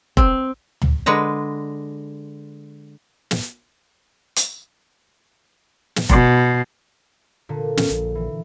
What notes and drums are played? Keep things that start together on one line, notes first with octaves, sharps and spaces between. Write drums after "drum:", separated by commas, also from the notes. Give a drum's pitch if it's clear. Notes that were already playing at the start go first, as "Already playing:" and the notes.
C4, drum: kick F1
drum: tom
D3 G#3 B4 A#5
drum: snare
drum: hi-hat
drum: snare
B2, drum: kick F1
A#2 D3
C#4, drum: snare
A#1
E3